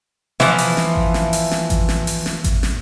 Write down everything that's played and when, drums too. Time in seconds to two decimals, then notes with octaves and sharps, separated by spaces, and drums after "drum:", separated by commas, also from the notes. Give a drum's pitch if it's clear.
0.40 E3 F3, drum: snare
0.58 drum: open hi-hat
0.77 drum: snare
0.96 drum: kick G#1
1.14 drum: snare
1.33 drum: open hi-hat
1.51 drum: snare
1.70 drum: kick G#1, hi-hat
1.89 drum: snare
2.07 drum: open hi-hat
2.26 drum: snare
2.44 drum: kick G#1, hi-hat
2.63 drum: snare